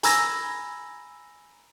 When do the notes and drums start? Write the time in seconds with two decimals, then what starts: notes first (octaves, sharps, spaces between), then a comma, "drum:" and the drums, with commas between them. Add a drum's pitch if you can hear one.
0.03 G#5 A#5 B5 E6 G#6 A#6, drum: hi-hat